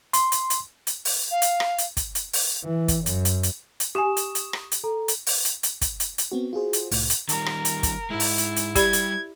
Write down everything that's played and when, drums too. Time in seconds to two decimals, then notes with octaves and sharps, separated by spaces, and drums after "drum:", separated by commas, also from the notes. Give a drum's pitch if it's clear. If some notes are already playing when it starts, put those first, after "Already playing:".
0.13 C6, drum: hi-hat
0.32 drum: hi-hat
0.50 drum: hi-hat
0.87 drum: hi-hat
1.05 drum: open hi-hat
1.31 F5
1.42 drum: hi-hat
1.60 drum: rim click
1.78 drum: hi-hat
1.97 drum: kick, hi-hat
2.15 drum: hi-hat
2.33 drum: open hi-hat
2.64 E3
2.88 drum: kick, hi-hat
3.06 F#2, drum: hi-hat
3.25 drum: hi-hat
3.43 drum: hi-hat
3.80 drum: hi-hat
3.95 G4 G#5 C#6 D#6 E7
4.17 drum: hi-hat
4.35 drum: hi-hat
4.53 drum: rim click
4.72 drum: hi-hat
4.84 A4 A#5
5.08 drum: hi-hat
5.27 drum: open hi-hat
5.45 drum: hi-hat
5.63 drum: hi-hat
5.81 drum: kick, hi-hat
6.00 drum: hi-hat
6.18 drum: hi-hat
6.32 B3 C4 F#4
6.53 F4 F#4 G#4 C5
6.73 drum: hi-hat
6.91 C2 A2, drum: open hi-hat
7.10 drum: hi-hat
7.29 D#3 G3 A#4, drum: hi-hat
7.46 drum: rim click
7.65 drum: hi-hat
7.83 drum: kick, hi-hat
8.10 G#2 G#3 E4
8.20 drum: open hi-hat
8.38 drum: hi-hat
8.56 drum: hi-hat
8.75 G3 G4 D5 B5 G#6, drum: kick, hi-hat
8.93 drum: hi-hat